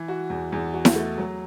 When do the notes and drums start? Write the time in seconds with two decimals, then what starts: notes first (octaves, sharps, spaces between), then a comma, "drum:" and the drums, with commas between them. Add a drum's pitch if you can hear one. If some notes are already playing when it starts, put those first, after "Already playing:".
Already playing: E3
0.08 F#4
0.30 E2
0.52 E2
0.74 F#4
0.85 drum: snare E4
0.95 A3
1.18 F#3